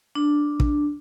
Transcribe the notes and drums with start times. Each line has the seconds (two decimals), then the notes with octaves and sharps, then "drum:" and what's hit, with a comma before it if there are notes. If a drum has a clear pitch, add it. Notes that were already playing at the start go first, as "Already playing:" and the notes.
0.15 D4
0.60 drum: kick